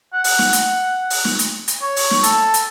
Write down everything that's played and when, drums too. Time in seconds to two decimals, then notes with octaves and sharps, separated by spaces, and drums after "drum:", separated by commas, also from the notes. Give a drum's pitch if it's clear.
0.14 F#5
0.24 drum: open hi-hat
0.39 drum: snare
0.53 drum: hi-hat
1.10 drum: open hi-hat
1.25 drum: snare
1.39 drum: hi-hat
1.68 drum: hi-hat
1.82 C#5
1.96 drum: open hi-hat
2.11 drum: snare
2.23 A4, drum: hi-hat
2.54 drum: hi-hat